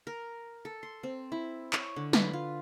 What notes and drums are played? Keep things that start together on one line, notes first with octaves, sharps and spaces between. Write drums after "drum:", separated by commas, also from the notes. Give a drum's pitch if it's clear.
A#4
A4
C6
C4
E4
C#5, drum: clap
D3
B4, drum: snare
F4